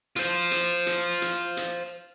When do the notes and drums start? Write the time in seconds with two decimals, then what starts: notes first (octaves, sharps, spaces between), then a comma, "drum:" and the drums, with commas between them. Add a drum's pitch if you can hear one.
0.16 F4 C5, drum: hi-hat
0.51 drum: hi-hat
0.87 drum: hi-hat
1.22 drum: hi-hat
1.57 drum: hi-hat